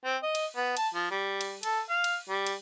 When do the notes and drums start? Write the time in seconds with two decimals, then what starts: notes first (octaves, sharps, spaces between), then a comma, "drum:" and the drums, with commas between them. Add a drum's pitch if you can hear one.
0.05 C4
0.23 D#5
0.35 drum: cymbal
0.56 B3
0.77 A5, drum: cymbal
0.94 F3
1.11 G3
1.41 drum: cymbal
1.63 A4, drum: cymbal
1.90 F5
2.04 drum: cymbal
2.29 G3
2.46 drum: cymbal